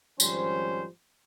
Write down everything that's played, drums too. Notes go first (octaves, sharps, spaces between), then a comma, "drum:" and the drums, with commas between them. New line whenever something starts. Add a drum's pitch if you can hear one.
G#1 F3 G3 C#4 C5, drum: tambourine